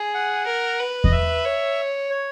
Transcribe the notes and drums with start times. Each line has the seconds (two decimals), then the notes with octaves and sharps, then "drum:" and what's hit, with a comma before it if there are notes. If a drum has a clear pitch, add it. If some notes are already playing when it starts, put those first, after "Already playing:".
Already playing: G#4
0.14 F#5
0.46 A#4
0.79 B4
1.04 D#5, drum: kick E2
1.12 E5
1.45 C#5
2.10 C#5